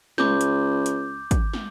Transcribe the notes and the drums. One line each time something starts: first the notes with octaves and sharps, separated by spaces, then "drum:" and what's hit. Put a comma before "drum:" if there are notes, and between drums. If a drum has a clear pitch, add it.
C#2 D6 G6, drum: snare
drum: hi-hat
drum: hi-hat
drum: kick, hi-hat
drum: snare